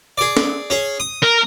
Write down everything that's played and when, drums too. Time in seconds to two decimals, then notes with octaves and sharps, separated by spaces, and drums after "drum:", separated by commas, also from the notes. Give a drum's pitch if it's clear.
0.18 G#4 D5
0.37 drum: snare
0.70 C#4 G#4
1.00 D#6
1.23 A#4